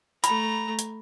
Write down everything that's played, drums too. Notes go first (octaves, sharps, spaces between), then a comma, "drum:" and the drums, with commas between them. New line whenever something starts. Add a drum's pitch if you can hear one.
A3 A#5 B5, drum: hi-hat
drum: hi-hat